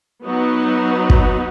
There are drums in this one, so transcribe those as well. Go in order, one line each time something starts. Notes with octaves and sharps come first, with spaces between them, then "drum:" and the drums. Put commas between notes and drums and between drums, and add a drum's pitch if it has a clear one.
F#3 B3 D#4 F#4 B4
drum: kick